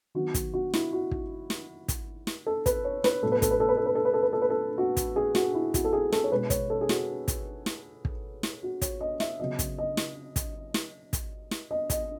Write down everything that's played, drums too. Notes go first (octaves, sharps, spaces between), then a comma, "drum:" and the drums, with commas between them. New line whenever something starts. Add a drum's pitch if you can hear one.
D#3 F#3 B3 F#4
drum: kick, hi-hat
F#4
E4, drum: snare
F#4
drum: kick
drum: snare
drum: kick, hi-hat
drum: snare
A4
B4, drum: kick, hi-hat
C#5
B4, drum: snare
A2 F#3 B3 A4
B4
A4, drum: kick, hi-hat
B4
A4
B4
A4
B4
A4
B4
A4
B4
A4
B4
A4
F#4
drum: kick, hi-hat
G#4
F#4, drum: snare
E4
F#4, drum: kick, hi-hat
A4
G#4
A4, drum: snare
C#5
B2 G#3 B3 B4
C#5, drum: kick, hi-hat
A4
G#4
F#4, drum: snare
drum: kick, hi-hat
drum: snare
drum: kick
drum: snare
F#4
C#5, drum: kick, hi-hat
D#5
E5, drum: snare
C#3 F#3 B3 D#5
drum: kick, hi-hat
D#5
drum: snare
drum: kick, hi-hat
drum: snare
drum: kick, hi-hat
drum: snare
D#5
D#5, drum: kick, hi-hat